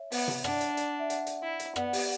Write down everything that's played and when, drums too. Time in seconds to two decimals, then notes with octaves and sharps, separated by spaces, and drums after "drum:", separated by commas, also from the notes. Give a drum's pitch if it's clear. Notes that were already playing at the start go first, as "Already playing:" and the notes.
Already playing: C#5 E5
0.12 B3, drum: open hi-hat
0.28 drum: tom C3
0.44 D4 D5 F#5, drum: rim click
0.61 drum: hi-hat
0.77 drum: hi-hat
0.99 E5
1.10 D5 F#5, drum: hi-hat
1.27 drum: hi-hat
1.43 E4
1.60 drum: hi-hat
1.76 B3 D5 F#5, drum: rim click
1.93 G4, drum: open hi-hat